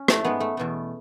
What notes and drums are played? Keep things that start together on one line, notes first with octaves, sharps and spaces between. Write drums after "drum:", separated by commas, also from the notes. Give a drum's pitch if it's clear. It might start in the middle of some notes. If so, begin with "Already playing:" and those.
Already playing: C#4
A3, drum: rim click
G#2 G#3 B3
A3
E2 B2 A3